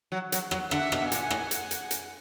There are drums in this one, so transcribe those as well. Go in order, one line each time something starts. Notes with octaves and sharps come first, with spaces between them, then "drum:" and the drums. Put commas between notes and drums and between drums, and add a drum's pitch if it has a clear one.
F#3
F#3, drum: hi-hat
F#3, drum: rim click
D3 E5 F#5, drum: rim click
B2, drum: rim click
B2
A#2 F#5 G#5, drum: hi-hat
A2, drum: rim click
drum: hi-hat
drum: hi-hat
drum: hi-hat